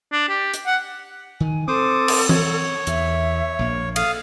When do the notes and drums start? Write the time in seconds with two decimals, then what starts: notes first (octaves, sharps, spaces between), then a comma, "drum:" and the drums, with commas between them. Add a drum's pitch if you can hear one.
0.12 D4
0.29 G4
0.54 drum: hi-hat
0.67 F#5
1.40 D#3 G#5
1.68 C4 A4 C5 D6 D#6
2.08 drum: cymbal
2.29 C#5, drum: tom E3
2.87 E2 E5, drum: hi-hat
3.59 A#1 A#3
3.96 A4 F5 D#6, drum: cymbal